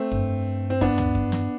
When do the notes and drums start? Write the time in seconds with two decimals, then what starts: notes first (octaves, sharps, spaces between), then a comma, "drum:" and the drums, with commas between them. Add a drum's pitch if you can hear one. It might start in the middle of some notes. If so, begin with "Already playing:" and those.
Already playing: A3 C4
0.12 G2, drum: kick F2
0.70 C4
0.81 B3 D4, drum: kick F2
0.98 drum: tom
1.15 drum: kick F2
1.32 drum: snare